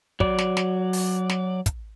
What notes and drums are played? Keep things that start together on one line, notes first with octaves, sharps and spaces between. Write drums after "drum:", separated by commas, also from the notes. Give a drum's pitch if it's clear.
F#3 D5, drum: kick
drum: snare
drum: snare
drum: open hi-hat
drum: snare
drum: kick, hi-hat